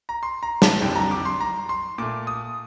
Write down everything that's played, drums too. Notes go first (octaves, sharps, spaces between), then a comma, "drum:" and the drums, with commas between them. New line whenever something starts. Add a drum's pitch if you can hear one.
A#5
C6
A#5
A5, drum: snare
F2 D3 G3 G5
A#5
D6
C6
A#5
C6
A#2 A3 D6
D#6